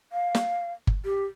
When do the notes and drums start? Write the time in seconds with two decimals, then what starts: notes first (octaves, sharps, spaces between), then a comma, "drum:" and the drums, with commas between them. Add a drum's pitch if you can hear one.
0.12 F5
0.35 drum: snare
0.87 drum: kick G1
1.05 G4